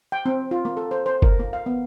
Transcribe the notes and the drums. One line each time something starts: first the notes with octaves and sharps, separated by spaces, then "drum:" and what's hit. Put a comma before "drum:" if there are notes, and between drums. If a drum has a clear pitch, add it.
G5
C4
F4
A#3
A4
C5
C5
A#4, drum: kick F#1
A#3
F5
B3